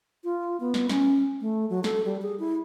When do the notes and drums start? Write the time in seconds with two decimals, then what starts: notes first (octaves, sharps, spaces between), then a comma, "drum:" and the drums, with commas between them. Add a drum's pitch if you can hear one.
0.24 F4
0.60 B3
0.74 drum: snare
0.89 C#4, drum: snare
1.41 A3
1.70 F#3
1.84 A4, drum: snare
2.05 G3
2.22 G#4
2.39 E4